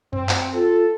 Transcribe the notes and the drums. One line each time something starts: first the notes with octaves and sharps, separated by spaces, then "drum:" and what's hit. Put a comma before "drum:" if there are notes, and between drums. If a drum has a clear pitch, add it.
C4, drum: tom F#2
drum: clap
F4 A4